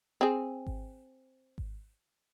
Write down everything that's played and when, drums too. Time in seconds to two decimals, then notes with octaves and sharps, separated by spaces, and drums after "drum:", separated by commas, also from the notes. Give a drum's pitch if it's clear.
0.21 C4 G#4
0.67 drum: kick G#1
1.58 drum: kick G#1